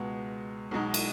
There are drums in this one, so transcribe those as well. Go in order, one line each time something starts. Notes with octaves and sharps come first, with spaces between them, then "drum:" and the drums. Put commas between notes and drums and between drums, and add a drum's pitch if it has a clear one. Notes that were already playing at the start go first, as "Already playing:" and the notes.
Already playing: C#2 B2 G#3 B3
B1 B2 G#3 D#4
drum: cymbal